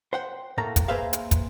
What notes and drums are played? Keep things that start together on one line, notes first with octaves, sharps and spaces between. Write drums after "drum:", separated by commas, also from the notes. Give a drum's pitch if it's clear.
C5 F#5 G5
A2 A3 A#3 A#5
drum: kick, hi-hat
A#3 G#4 B4 C5 E5 F5
drum: hi-hat
drum: kick, hi-hat